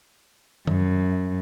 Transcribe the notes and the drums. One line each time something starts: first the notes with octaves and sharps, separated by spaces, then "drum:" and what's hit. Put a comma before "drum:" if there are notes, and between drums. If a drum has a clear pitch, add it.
F#2, drum: tom D#3